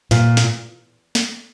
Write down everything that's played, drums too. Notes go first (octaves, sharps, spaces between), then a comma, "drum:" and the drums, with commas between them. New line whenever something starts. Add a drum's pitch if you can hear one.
A#2, drum: snare
drum: snare
drum: snare